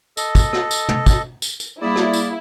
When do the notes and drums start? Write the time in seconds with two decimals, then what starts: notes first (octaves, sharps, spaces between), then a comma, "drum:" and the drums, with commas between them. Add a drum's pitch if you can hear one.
0.17 A4 D#5, drum: tambourine
0.35 drum: kick, tambourine
0.53 drum: rim click
0.71 drum: tambourine
0.89 drum: tom
1.06 drum: kick, tambourine
1.42 drum: tambourine
1.60 drum: tambourine
1.82 G3 A#3 E4 G#4 D5
1.96 drum: rim click
2.14 drum: tambourine